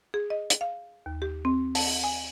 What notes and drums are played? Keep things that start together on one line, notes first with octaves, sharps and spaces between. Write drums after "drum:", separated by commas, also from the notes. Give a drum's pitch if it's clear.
G#4
D#5
drum: hi-hat
F5
D#2
G4
C4
A5, drum: open hi-hat
G#5